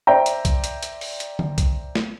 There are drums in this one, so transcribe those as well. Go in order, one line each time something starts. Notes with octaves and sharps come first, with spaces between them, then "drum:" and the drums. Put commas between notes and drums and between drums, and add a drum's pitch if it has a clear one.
C5 D5 E5 G5 A#5
drum: hi-hat
drum: kick B1, hi-hat
drum: hi-hat
drum: hi-hat
drum: open hi-hat
drum: hi-hat
drum: tom D3
drum: kick B1, hi-hat
drum: snare